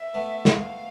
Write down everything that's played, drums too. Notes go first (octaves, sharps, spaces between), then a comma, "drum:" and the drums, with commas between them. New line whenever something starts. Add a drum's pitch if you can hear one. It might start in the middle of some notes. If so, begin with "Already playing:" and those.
Already playing: E5
A3 B3
F5, drum: snare